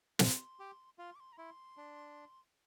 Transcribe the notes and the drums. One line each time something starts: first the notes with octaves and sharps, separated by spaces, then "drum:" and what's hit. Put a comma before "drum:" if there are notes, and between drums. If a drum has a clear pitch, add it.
F4 C6, drum: snare
G4
F4 C6
D6
C6
A#5
E4 C6
D4